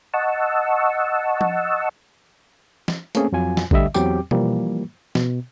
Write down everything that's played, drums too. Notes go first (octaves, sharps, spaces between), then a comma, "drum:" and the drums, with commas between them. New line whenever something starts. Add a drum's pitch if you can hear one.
D#5 F#5 A5 C#6 E6
drum: tom F3
drum: snare
A3 A#3 C4 C#4 G#4, drum: hi-hat
F2 F#3 F4 G#5
drum: snare
D2 D3 G3 D#5 E5, drum: kick A1
E2 F#3 C4 G4 G5 D6, drum: tambourine
E3 F3 G3 A#3, drum: tom B2
B2, drum: snare